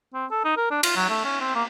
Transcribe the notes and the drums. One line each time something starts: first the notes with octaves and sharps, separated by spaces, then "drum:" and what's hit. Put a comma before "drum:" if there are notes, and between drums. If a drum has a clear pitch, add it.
C4
A4
D#4
A#4
D4
F4, drum: cymbal
F#3
A3
C#4
C4
A#3